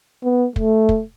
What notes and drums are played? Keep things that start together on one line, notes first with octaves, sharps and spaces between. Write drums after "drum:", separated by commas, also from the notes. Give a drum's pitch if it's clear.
B3
A3, drum: kick
drum: kick